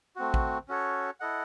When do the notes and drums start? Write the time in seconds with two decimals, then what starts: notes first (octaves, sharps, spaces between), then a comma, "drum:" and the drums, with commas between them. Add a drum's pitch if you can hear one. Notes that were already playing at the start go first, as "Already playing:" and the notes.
0.16 A3 C4 F#4
0.34 drum: kick
0.68 C#4 F#4 A4 C#5
1.20 E4 A4 D#5 F#5